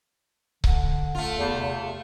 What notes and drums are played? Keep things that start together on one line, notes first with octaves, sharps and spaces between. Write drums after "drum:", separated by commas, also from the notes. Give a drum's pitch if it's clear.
D3, drum: kick C#1
A3 F4
E2
C3